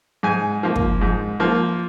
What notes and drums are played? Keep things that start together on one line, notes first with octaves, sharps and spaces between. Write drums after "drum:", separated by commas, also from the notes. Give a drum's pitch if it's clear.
G#2 G#5
F3 A#3
drum: kick
G#2
F3 A#3